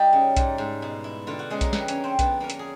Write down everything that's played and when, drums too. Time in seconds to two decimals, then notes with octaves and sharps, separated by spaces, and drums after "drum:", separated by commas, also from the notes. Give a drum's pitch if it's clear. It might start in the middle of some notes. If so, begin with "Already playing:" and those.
Already playing: G3 D#4 G4
0.13 C#3
0.37 G#2, drum: kick B1, hi-hat
0.58 G#2
0.82 B2
1.04 E4
1.27 D3 F4
1.39 F#4
1.50 G#3 C#4 G#4
1.61 A#3 A#4, drum: kick B1, hi-hat
1.73 F2 B3 B4, drum: snare G#3
1.88 C#4 C#5, drum: hi-hat
1.96 A#3
2.04 C4 C5
2.19 D3 B3 B4, drum: kick B1, hi-hat
2.40 A#3 C#4 A#4
2.50 drum: hi-hat
2.59 G#4